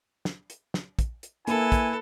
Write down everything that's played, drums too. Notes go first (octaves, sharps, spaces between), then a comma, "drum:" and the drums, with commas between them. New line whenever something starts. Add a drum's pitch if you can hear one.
drum: snare
drum: hi-hat
drum: snare
drum: kick, hi-hat
drum: hi-hat
A#3 E4 A4 B4 G#5, drum: hi-hat
drum: kick, hi-hat